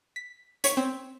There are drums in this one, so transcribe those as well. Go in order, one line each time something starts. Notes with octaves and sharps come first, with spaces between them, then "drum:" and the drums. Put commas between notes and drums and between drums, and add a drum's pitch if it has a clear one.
B6
C#5 B6, drum: hi-hat
C4